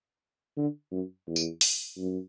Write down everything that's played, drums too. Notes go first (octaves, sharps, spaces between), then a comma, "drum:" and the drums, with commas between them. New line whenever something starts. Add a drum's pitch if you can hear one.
D3
F#2
E2
drum: tambourine
drum: open hi-hat
F#2